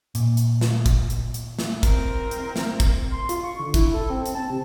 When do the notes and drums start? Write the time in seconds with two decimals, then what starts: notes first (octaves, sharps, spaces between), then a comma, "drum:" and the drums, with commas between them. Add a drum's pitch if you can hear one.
0.15 A#2, drum: hi-hat
0.37 drum: hi-hat
0.61 drum: snare
0.86 drum: kick, hi-hat
1.10 drum: hi-hat
1.34 drum: hi-hat
1.59 drum: snare
1.83 C4 A#4, drum: kick, hi-hat
2.31 drum: hi-hat
2.56 drum: snare
2.80 drum: kick, hi-hat
3.12 C6
3.29 F4, drum: hi-hat
3.43 C#6
3.60 D3
3.74 E4, drum: kick, hi-hat
3.94 A4
4.10 C4
4.26 drum: hi-hat
4.35 A5
4.50 C3